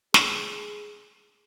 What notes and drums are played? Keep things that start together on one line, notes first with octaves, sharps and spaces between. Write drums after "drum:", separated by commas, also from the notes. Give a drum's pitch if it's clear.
G#4, drum: snare